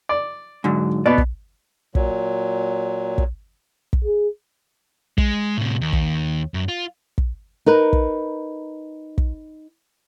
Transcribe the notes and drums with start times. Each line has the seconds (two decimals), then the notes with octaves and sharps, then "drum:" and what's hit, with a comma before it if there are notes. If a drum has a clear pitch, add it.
0.09 D5
0.64 G#2 D3 F#3
1.06 B2 B3 D5
1.18 drum: kick
1.95 A#2 F#3, drum: kick
3.18 drum: kick
3.93 drum: kick
4.04 G#4
5.18 G#3, drum: kick
5.57 A2 C3
5.81 D#2
5.93 drum: kick
6.54 F#2
6.68 F4
7.18 drum: kick
7.66 D#4 A#4 B4
7.93 drum: kick
9.18 drum: kick